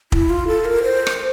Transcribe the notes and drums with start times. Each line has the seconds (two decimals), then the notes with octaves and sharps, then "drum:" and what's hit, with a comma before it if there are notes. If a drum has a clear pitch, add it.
0.12 E4, drum: kick
0.30 F4
0.47 A4
0.65 A#4
0.83 C5
1.07 drum: rim click